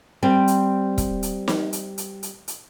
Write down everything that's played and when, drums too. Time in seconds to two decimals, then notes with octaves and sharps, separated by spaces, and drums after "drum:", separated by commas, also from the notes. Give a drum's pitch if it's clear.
0.23 G3 C4
0.48 drum: hi-hat
0.98 drum: kick E1, hi-hat
1.23 drum: hi-hat
1.48 drum: snare
1.73 drum: hi-hat
1.98 drum: hi-hat
2.23 drum: hi-hat
2.48 drum: hi-hat